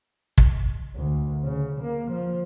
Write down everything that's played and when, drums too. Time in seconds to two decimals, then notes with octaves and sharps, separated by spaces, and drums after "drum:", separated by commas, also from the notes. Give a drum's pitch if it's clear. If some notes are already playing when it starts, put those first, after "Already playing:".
0.38 drum: kick
0.96 D2
1.44 C#3
1.81 A#3
2.11 F3